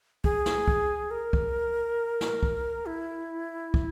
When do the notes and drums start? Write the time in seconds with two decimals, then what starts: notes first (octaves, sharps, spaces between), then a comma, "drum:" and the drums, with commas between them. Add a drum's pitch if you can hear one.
0.24 G#4, drum: kick
0.46 drum: snare
0.68 drum: kick
1.11 A#4
1.33 drum: kick
2.21 drum: snare
2.43 drum: kick
2.86 E4
3.74 drum: kick